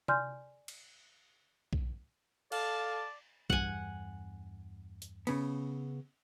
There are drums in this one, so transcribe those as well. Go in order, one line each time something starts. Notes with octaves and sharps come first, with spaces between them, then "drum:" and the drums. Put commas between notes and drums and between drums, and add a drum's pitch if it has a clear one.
D5 G#5 C6 F6 G6, drum: tom C3
drum: cymbal
drum: kick B1
A4 D5 F5 A5, drum: cymbal
E2 G2 F#5 G#5, drum: kick B1
drum: hi-hat
C#3 B3, drum: cymbal